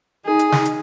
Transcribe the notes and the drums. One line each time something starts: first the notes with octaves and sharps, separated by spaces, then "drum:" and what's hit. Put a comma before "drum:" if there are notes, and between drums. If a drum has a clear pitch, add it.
D#4 G#4
drum: hi-hat
drum: snare
drum: hi-hat